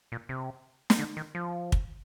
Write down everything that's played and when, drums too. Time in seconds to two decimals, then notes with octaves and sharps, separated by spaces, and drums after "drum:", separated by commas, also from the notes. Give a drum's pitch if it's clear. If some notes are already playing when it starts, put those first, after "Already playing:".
0.12 A#2
0.29 C3
0.90 drum: snare
0.99 D3
1.17 D#3
1.35 F3
1.72 drum: kick